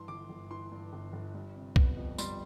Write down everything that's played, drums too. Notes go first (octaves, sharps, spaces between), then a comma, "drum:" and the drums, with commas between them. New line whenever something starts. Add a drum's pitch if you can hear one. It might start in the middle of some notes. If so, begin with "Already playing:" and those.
Already playing: G2 E3 C6
G1 D6
G1
E3 C6
G2
G1
G1
G3
C3
B3, drum: kick B1
F2
G3 C6, drum: tambourine